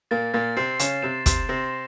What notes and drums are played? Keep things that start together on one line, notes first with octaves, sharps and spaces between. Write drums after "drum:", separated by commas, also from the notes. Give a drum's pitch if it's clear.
A#2 A#3 A6
A#2 A#3 A6
C3 C4 C7
C#3 C#4 E7, drum: hi-hat
C3 C4 E7
C3 C4 E7, drum: kick, hi-hat
C3 C4 A#6